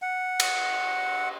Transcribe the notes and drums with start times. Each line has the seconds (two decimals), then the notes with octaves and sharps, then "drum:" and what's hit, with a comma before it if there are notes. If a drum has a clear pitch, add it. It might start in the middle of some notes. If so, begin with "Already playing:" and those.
0.02 F#5
0.40 drum: cymbal